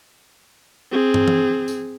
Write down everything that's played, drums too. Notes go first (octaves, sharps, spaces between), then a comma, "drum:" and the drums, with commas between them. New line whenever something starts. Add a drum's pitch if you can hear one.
C4 G#4
drum: tom
drum: tom E3
drum: tambourine